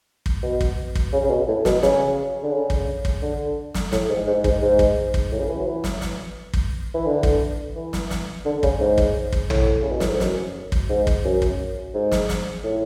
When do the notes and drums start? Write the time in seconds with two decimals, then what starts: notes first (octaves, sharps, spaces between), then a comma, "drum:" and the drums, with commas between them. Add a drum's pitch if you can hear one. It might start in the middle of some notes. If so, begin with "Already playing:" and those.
0.26 drum: kick
0.43 B2
0.61 drum: kick
0.95 drum: kick
1.13 C#3
1.24 C#3
1.30 B2
1.48 A2
1.65 B2, drum: snare
1.83 C#3, drum: snare
2.43 D3
2.52 C#3
2.70 drum: kick
3.05 drum: kick
3.22 D3
3.74 drum: snare
3.92 A2, drum: snare
4.09 G#2
4.27 G#2
4.44 G#2, drum: kick
4.62 G#2
4.79 drum: kick
5.14 drum: kick
5.32 A2
5.40 C#3
5.49 E3
5.58 F#3
5.66 E3
5.84 drum: snare
6.01 drum: snare
6.53 drum: kick
6.94 E3
7.06 D3
7.23 drum: kick
7.75 E3
7.93 drum: snare
8.10 drum: snare
8.45 D3
8.63 C#3, drum: kick
8.80 G#2
8.98 drum: kick
9.32 drum: kick
9.50 A2, drum: tom
9.82 C#3
9.92 B2
10.00 A2, drum: snare
10.10 G#2
10.20 F#2, drum: snare
10.72 drum: kick
10.89 G#2
11.07 drum: kick
11.24 F#2
11.42 drum: kick
11.94 G#2
12.12 drum: snare
12.29 drum: snare
12.64 A2